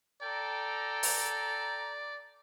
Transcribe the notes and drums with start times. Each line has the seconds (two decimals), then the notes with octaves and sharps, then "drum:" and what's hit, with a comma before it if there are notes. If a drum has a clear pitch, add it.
0.22 A4 D5 G5 A#5
1.03 drum: open hi-hat